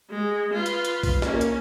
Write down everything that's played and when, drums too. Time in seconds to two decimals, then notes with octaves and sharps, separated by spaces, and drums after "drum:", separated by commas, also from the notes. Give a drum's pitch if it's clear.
0.10 G#3
0.54 F4 B4
0.66 drum: hi-hat
0.85 drum: hi-hat
1.03 drum: kick, open hi-hat
1.22 A#3 C#4, drum: snare
1.41 drum: hi-hat